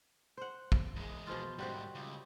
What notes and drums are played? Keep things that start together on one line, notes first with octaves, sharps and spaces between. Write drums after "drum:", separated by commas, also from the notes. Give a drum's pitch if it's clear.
C5 F#5
drum: kick
E2 G#3
B2 F3 F4
D2 G#2 G3 F#4 C5
C#2